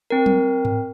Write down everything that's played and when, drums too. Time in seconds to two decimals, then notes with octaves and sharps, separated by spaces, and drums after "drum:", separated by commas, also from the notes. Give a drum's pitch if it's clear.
0.10 C4 A#4
0.26 drum: tom F#3
0.65 drum: tom G#2